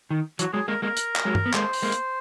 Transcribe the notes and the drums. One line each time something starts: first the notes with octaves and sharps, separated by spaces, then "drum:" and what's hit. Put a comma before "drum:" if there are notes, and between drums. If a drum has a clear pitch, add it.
D#3
E3 F#3 F#4, drum: hi-hat
F#3 G#3 G#4
G#3 A#3 A#4
G#3 A#3 A#4
drum: hi-hat
drum: clap
F#3 G#3
drum: tom
B3
G#3 A#3 C5, drum: clap
drum: open hi-hat
G#3 A#3
drum: hi-hat